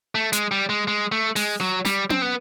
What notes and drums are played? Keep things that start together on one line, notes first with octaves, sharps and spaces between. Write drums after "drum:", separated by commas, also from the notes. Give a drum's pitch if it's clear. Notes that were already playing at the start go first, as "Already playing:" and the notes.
A3
G#3, drum: hi-hat
G3
G#3
G#3
A3
G#3, drum: open hi-hat
F#3
G3, drum: snare
C4, drum: tom C#4
B3